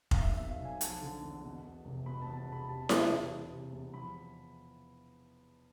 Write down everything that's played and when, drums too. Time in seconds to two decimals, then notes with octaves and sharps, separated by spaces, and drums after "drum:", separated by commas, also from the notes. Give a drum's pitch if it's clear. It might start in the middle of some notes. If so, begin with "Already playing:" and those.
0.11 F5, drum: kick F1
0.18 B1 E5
0.34 E5
0.39 B2
0.49 F5
0.60 B1
0.65 G#5
0.81 F3 A5, drum: hi-hat
1.02 D3
1.22 E2
1.44 B2
1.64 E2
1.85 F1
2.06 B2 B5
2.22 E2 A5
2.37 A5
2.48 E1 B5
2.68 C3 A5
2.89 E2, drum: snare E4
3.11 E1
3.31 E3
3.51 C3
3.73 E2
3.94 F3 B5